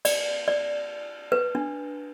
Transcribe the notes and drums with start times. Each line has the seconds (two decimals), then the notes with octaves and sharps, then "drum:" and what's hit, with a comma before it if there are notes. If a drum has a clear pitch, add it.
0.05 D5, drum: cymbal
0.48 D5
1.32 B4
1.55 D4